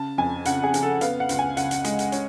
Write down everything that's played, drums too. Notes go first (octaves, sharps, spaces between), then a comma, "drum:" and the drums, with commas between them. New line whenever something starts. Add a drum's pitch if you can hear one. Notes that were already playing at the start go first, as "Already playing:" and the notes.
Already playing: C#3 A5
F2 G#5
C#3 F#5, drum: hi-hat
G#4
C#3, drum: hi-hat
A4
B3 F5, drum: hi-hat
F#5
C#2, drum: hi-hat
G#5
C#3 F#5, drum: hi-hat
drum: hi-hat
G#3, drum: hi-hat
drum: hi-hat
C#4, drum: hi-hat